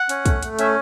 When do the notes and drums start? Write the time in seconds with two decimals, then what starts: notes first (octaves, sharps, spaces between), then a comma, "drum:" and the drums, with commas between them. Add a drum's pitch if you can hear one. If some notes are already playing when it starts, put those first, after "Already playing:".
Already playing: F#5
0.09 C#4, drum: hi-hat
0.26 A3, drum: kick, hi-hat
0.43 A3, drum: hi-hat
0.59 C#4 E5, drum: hi-hat